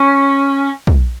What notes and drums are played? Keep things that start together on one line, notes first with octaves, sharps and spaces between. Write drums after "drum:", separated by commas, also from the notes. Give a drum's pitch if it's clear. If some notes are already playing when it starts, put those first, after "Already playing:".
Already playing: C#4
drum: kick